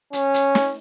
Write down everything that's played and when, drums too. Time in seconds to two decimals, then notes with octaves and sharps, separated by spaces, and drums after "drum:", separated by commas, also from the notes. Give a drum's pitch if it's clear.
0.13 C#4, drum: hi-hat
0.34 drum: hi-hat
0.55 drum: snare